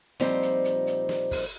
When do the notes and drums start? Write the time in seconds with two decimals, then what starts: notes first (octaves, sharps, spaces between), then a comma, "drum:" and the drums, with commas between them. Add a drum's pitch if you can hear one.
0.20 A#2 F3 G3 C4 D#4, drum: snare
0.42 drum: hi-hat
0.64 drum: hi-hat
0.87 drum: hi-hat
1.09 drum: snare
1.31 drum: kick, open hi-hat